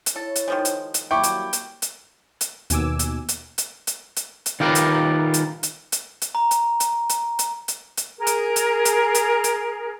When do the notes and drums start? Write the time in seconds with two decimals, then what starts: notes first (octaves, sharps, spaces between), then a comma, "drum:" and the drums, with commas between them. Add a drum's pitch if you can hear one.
0.06 drum: hi-hat
0.16 E4 A4 C#5
0.36 drum: hi-hat
0.48 D#3 F3 G#3
0.65 drum: hi-hat
0.94 drum: hi-hat
1.11 F#3 G3 A#3 E4 G5 C#6 D6
1.24 drum: hi-hat
1.53 drum: hi-hat
1.82 drum: hi-hat
2.41 drum: hi-hat
2.70 D#2 B2 G#5 D6 E6, drum: hi-hat
2.99 drum: hi-hat
3.29 drum: hi-hat
3.58 drum: hi-hat
3.87 drum: hi-hat
4.17 drum: hi-hat
4.46 drum: hi-hat
4.60 D#3 F4 G4 A#4 B4
4.75 drum: hi-hat
5.34 drum: hi-hat
5.63 drum: hi-hat
5.92 drum: hi-hat
6.22 drum: hi-hat
6.35 A#5
6.51 drum: hi-hat
6.80 drum: hi-hat
7.10 drum: hi-hat
7.39 drum: hi-hat
7.68 drum: hi-hat
7.97 drum: hi-hat
8.18 G#4 A#4
8.27 drum: hi-hat
8.56 drum: hi-hat
8.85 drum: hi-hat
9.15 drum: hi-hat
9.44 drum: hi-hat